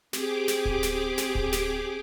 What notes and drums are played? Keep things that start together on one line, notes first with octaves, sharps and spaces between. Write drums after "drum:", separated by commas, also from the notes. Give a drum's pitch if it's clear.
C4 G4 G#4 D6, drum: snare
drum: snare
drum: kick D1
drum: snare
drum: snare
drum: kick D1
drum: snare